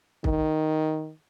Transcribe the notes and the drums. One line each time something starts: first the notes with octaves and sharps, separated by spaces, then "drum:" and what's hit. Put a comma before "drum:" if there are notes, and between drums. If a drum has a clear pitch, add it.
D#3, drum: kick